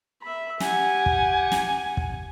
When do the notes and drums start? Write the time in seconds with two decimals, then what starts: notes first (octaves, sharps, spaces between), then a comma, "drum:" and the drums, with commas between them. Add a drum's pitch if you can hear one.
0.22 E5 B5
0.60 G4 F#5 G#5, drum: snare
1.06 drum: kick
1.52 drum: snare
1.97 drum: kick